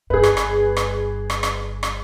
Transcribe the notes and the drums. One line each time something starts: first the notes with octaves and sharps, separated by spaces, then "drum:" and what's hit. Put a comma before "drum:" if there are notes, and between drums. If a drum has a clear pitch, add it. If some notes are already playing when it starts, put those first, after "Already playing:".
G1 G2 G#4 B4
drum: rim click
drum: rim click
drum: rim click
drum: rim click
drum: rim click
drum: rim click